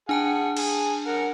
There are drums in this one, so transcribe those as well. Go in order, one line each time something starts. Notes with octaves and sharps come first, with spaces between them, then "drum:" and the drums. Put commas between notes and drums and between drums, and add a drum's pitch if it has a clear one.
D4 G#4 F#5 G#5 A5
G#4, drum: cymbal
A#4 F#5